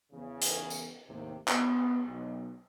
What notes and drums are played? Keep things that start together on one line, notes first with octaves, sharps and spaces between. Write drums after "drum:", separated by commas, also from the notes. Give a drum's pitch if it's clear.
E2 C#3
drum: hi-hat
drum: tambourine
D#2 A2 C3
B3, drum: clap
B1